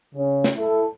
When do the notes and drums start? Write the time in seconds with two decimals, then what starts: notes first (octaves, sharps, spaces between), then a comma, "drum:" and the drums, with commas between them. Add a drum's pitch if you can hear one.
0.15 C#3 C#4
0.44 drum: snare
0.56 E4 A4